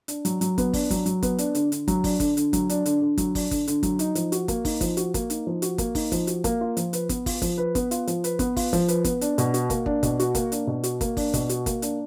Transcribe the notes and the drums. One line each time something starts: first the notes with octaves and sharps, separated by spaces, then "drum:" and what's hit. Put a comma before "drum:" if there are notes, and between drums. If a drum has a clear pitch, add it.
D4, drum: hi-hat
F#3, drum: hi-hat
F#3, drum: hi-hat
B3, drum: kick, hi-hat
D4, drum: kick, open hi-hat
F#3, drum: kick, hi-hat
F#3, drum: hi-hat
B3, drum: kick, hi-hat
D4, drum: hi-hat
D3, drum: hi-hat
D3, drum: hi-hat
F#3, drum: kick, hi-hat
D4, drum: kick, open hi-hat
D3, drum: kick, hi-hat
D3, drum: hi-hat
F#3, drum: kick, hi-hat
D4, drum: hi-hat
D3, drum: hi-hat
D3
F#3, drum: kick, hi-hat
D4, drum: kick, open hi-hat
D3, drum: kick, hi-hat
D3, drum: hi-hat
F#3, drum: kick, hi-hat
D#4, drum: hi-hat
F3, drum: hi-hat
F#4, drum: hi-hat
A#3, drum: kick, hi-hat
D#4, drum: kick, open hi-hat
F3, drum: kick, hi-hat
F#4, drum: hi-hat
A#3, drum: kick, hi-hat
D#4, drum: hi-hat
F3
F#4, drum: hi-hat
A#3, drum: kick, hi-hat
D#4, drum: kick, open hi-hat
F3, drum: kick, hi-hat
F#4, drum: hi-hat
A#3, drum: kick, hi-hat
F4
F3, drum: hi-hat
B4, drum: hi-hat
B3, drum: kick, hi-hat
F4, drum: kick, open hi-hat
F3, drum: kick, hi-hat
B4
B3, drum: kick, hi-hat
F4, drum: hi-hat
F3, drum: hi-hat
B4, drum: hi-hat
B3, drum: kick, hi-hat
F4, drum: kick, open hi-hat
F3, drum: kick, hi-hat
B4, drum: hi-hat
B3, drum: kick, hi-hat
D4, drum: hi-hat
B2, drum: hi-hat
F#4, drum: hi-hat
A#3, drum: kick, hi-hat
D4, drum: kick
B2, drum: kick, hi-hat
F#4, drum: hi-hat
A#3, drum: kick, hi-hat
D4, drum: hi-hat
B2
F#4, drum: hi-hat
A#3, drum: kick, hi-hat
D4, drum: kick, open hi-hat
B2, drum: kick, hi-hat
F#4, drum: hi-hat
A#3, drum: kick, hi-hat
D4, drum: hi-hat